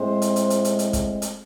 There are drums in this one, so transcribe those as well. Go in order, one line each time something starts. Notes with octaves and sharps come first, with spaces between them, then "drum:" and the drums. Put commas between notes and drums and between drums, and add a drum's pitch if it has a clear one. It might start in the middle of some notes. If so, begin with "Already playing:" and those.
Already playing: A2 G#3 C4 C5
drum: hi-hat
drum: hi-hat
drum: hi-hat
drum: hi-hat
drum: hi-hat
drum: kick, hi-hat
drum: hi-hat